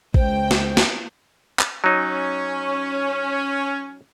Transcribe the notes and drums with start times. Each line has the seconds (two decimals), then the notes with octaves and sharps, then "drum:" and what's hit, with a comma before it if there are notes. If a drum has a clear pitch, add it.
0.14 C#2 C5 G5, drum: kick A1
0.51 drum: snare
0.77 drum: snare
1.60 drum: clap
1.84 F#3 C#4 D#4